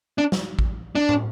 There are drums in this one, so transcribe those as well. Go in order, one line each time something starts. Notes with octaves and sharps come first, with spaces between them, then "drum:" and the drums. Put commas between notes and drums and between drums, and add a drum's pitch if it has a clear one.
D4
drum: snare
drum: kick A1
D4
drum: tom